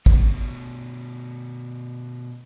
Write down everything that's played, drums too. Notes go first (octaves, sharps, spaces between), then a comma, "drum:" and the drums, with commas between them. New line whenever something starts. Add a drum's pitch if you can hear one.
B2 A3, drum: kick